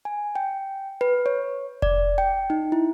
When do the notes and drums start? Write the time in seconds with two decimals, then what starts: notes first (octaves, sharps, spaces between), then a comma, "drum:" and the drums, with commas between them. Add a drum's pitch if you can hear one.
0.05 G#5
0.36 G5
1.01 B4
1.26 C#5
1.82 D5, drum: kick F1
2.18 G5
2.50 D#4
2.72 E4